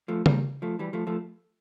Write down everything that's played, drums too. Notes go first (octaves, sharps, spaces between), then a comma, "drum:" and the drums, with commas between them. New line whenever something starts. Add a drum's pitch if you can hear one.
F3 A3
G3 A#3, drum: tom C#3
F3 A3
E3 G3
F3 A3
F3 A3